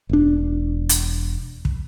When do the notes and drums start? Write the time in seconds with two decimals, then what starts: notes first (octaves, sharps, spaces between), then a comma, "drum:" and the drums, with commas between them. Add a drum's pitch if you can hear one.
0.09 E1 D4
0.89 drum: hi-hat
1.65 drum: kick